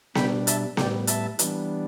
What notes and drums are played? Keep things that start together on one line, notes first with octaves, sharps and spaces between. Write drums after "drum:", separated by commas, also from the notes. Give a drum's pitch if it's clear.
B2 G3 D4 G5 B5, drum: snare B3
E5 A5, drum: hi-hat
A2 G3 B3 D5 G5, drum: snare B3
E5 A5, drum: hi-hat
E3 G3 B3 D4, drum: hi-hat